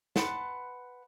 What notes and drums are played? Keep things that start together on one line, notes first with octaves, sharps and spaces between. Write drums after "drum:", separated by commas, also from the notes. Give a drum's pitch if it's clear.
B4 F#5 A5 C6, drum: snare